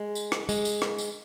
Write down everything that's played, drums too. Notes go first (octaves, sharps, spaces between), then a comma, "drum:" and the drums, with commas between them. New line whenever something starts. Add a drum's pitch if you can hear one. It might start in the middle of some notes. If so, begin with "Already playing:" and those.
Already playing: G#3
drum: tambourine
drum: rim click
G#3, drum: tambourine
drum: tambourine
drum: rim click
drum: tambourine